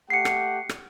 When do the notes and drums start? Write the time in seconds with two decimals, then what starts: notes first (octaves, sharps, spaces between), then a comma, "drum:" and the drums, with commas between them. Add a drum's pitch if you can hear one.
0.10 A3 G4 F#5 C7 C#7
0.25 drum: rim click
0.69 drum: rim click